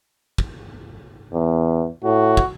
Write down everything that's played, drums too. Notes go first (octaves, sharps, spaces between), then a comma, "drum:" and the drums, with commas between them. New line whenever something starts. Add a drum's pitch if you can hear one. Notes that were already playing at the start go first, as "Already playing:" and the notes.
drum: kick
E2
A2 F#4
drum: kick